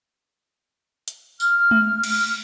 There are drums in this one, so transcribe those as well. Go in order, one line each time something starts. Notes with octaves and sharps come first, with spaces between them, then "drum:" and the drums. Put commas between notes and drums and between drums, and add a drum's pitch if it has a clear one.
drum: hi-hat
F6, drum: tambourine
drum: tom G#3
drum: cymbal